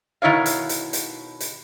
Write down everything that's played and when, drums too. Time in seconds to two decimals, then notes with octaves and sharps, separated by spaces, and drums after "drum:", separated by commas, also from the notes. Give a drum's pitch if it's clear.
0.22 B2 D#3 E4 C#5 F5
0.46 drum: hi-hat
0.69 drum: hi-hat
0.93 drum: hi-hat
1.40 drum: hi-hat